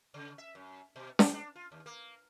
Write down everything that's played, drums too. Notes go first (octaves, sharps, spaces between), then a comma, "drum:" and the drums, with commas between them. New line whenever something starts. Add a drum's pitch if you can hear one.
C#3
E5
F#2
B2
B2, drum: snare
D4
F4
D#2
A#3